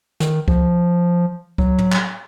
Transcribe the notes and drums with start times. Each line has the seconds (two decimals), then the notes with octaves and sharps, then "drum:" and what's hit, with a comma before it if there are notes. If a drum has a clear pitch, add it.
0.20 D#3, drum: snare
0.48 F3, drum: kick C#2
1.58 F#3, drum: kick C#2
1.78 drum: tom
1.92 drum: clap